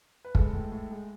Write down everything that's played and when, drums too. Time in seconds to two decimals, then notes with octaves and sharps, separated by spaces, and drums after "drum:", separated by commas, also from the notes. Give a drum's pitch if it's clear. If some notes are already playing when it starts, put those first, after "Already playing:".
0.25 B4
0.35 G#3 A4, drum: kick
0.54 A2
0.72 A2
0.91 G#3